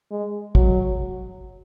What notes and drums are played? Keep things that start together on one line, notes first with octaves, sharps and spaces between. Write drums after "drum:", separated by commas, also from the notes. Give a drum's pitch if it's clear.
G#3
F#3, drum: kick